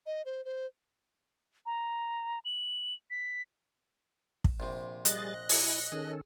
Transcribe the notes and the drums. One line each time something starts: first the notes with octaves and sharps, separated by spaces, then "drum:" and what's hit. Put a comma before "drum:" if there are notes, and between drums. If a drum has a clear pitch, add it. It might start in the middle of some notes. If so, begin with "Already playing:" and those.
D#5
C5
C5
A#5
F#7
B6
drum: kick
A#1 C3
G3 G#4 D#5 F#6 A6, drum: hi-hat
E4 G#5, drum: open hi-hat
D#3 C#4 G#4 A4